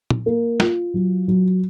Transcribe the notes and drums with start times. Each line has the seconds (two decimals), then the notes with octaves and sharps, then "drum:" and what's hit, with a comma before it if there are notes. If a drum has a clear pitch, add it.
0.10 drum: tom
0.26 A#3
0.60 F4, drum: snare
0.94 F#3
1.28 F#3